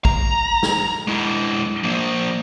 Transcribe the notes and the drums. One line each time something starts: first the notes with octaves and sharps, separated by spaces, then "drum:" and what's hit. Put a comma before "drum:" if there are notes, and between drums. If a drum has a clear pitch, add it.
A#5, drum: kick
drum: snare
G#3 E4
F3 A#3